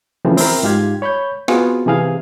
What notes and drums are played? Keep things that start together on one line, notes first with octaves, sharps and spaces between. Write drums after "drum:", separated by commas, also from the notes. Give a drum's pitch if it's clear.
C#3 E3 F3 A3 C4
C4 E4 A#4, drum: open hi-hat
G#2 F4 G4 F5 G#6
C#5 B5 C#6 G6
B3 C4 F4 F#4 G#4, drum: rim click
C3 E3 G#4 F5